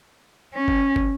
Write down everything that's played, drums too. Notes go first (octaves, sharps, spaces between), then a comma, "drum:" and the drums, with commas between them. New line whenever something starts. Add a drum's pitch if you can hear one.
C#4
drum: kick
drum: kick